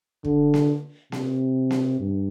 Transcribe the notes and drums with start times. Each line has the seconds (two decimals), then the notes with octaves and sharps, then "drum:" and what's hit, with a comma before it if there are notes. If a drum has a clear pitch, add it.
0.25 D3, drum: kick
0.54 drum: snare A#3
1.12 C3, drum: snare A#3
1.71 drum: snare A#3
2.00 G2